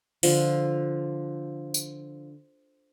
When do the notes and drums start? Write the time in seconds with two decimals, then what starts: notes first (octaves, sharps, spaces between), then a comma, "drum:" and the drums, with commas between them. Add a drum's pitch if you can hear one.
0.23 D3 F3, drum: open hi-hat
1.74 drum: tambourine